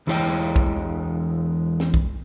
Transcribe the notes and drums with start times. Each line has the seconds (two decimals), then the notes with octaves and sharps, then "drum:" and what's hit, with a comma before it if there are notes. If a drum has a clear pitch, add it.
0.07 E2 E3 G#3 F4 C#5 G5
0.56 drum: kick
1.80 drum: snare
1.94 drum: kick